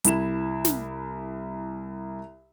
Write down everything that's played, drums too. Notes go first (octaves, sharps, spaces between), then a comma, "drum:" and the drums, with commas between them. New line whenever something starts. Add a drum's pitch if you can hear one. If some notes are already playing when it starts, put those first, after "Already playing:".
C2 E4 E7, drum: hi-hat
drum: snare